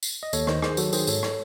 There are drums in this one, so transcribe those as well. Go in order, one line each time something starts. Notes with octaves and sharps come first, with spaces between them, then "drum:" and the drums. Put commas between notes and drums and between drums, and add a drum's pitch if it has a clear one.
drum: tambourine
D#5
D#2 A4 C#5, drum: tambourine
D#3 C5 D#5, drum: rim click
D#3 G#4 C5, drum: rim click
F#3 F#4 A4, drum: tambourine
D#3 G#4 C5, drum: tambourine
G#2 A4 C#5, drum: tambourine
drum: rim click